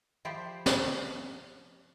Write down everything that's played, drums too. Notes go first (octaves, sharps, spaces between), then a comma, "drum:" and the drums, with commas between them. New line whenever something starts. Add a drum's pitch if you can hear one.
F3 E4 G4 C5 D5
drum: snare